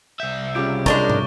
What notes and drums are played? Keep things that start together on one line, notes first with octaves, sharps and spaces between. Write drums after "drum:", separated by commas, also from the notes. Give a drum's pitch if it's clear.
C2 E5 G6
C#3 G3 F4 D6 G6 D7
G#3 D4 A#4 C#6 A6 G7, drum: kick, hi-hat
drum: tom